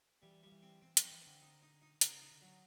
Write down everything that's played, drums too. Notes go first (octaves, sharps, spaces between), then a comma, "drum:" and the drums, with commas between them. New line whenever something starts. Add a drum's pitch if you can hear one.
E3 G3
F3 G3
E3
C4
E3 C4
F3 C4, drum: hi-hat
E3
C4
D3
D#4
D#4
D#4
C#3 D#4, drum: hi-hat
D#4
D3
F#3